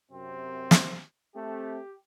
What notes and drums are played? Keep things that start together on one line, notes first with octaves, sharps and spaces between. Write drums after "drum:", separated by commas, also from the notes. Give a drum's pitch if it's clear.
F#2 C3 C4
drum: snare
A3 C4 G4